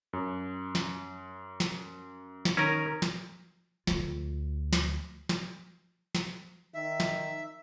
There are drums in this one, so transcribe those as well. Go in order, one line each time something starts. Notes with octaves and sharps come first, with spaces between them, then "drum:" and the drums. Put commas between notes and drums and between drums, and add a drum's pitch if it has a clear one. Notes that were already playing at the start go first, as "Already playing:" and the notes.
F#2
drum: snare
drum: snare
drum: snare
D#3 C#4 D#4 A#4 A#5
drum: snare
D2 F4, drum: snare
drum: snare
drum: snare
drum: snare
D#3 E5
drum: snare